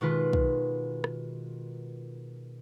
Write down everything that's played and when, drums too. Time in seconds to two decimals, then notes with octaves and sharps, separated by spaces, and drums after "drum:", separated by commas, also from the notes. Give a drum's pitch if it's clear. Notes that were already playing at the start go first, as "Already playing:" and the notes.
0.01 B2 D#3 G#3 F4 B4
0.33 drum: kick
1.04 drum: rim click